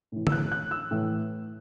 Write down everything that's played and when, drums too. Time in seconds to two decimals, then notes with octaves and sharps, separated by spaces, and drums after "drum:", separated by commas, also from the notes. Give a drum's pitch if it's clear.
0.12 A2 E3
0.27 E6, drum: tom
0.32 F#6
0.52 F#6
0.71 E6
0.91 A2 E3